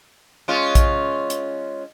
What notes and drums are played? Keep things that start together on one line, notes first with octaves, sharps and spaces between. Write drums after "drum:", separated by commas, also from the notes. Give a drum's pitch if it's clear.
G#3 C#4 F4
drum: kick A#1, hi-hat
drum: hi-hat